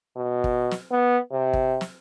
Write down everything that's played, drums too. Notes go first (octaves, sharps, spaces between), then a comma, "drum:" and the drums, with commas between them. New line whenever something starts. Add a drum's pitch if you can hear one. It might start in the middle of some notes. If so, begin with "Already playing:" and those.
B2
drum: kick
drum: snare
B3
C3
drum: kick
drum: snare